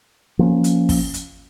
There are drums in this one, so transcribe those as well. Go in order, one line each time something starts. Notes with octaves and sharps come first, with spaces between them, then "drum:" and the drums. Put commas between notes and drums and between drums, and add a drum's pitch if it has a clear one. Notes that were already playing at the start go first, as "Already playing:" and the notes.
F3 A#3 C#4
drum: hi-hat
drum: kick, open hi-hat
drum: hi-hat